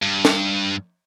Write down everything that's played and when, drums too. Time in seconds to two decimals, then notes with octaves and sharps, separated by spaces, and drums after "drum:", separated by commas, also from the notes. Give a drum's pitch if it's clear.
0.02 G2
0.25 drum: snare